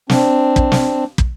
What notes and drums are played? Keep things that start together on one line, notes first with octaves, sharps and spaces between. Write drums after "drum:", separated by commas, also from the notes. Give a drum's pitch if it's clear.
C4 D4, drum: snare
drum: kick
drum: snare
drum: kick